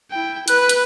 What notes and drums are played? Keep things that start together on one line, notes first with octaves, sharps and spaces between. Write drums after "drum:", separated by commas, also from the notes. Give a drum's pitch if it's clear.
E4 G5
B4 F#6, drum: hi-hat
drum: hi-hat